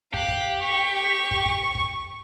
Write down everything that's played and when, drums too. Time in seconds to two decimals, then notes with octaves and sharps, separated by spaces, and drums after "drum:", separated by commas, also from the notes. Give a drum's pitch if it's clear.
0.14 G4 F5 F#6, drum: kick
0.28 drum: kick
0.63 C#6
1.31 drum: kick
1.46 drum: kick
1.75 drum: kick